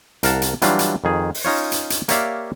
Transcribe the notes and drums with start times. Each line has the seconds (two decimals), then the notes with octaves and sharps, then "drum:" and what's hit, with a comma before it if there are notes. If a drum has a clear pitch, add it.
0.23 C2 A#4 F5 F#5 A5, drum: hi-hat
0.42 drum: hi-hat
0.62 E3 F#3 G3 D4 F4, drum: hi-hat
0.79 drum: hi-hat
1.04 F2 D#3 G#4
1.34 drum: open hi-hat
1.45 C#4 D#4 F4 C#5
1.72 drum: hi-hat
1.90 drum: hi-hat
2.08 A#3 G4 C#5 D5 E5 F5, drum: hi-hat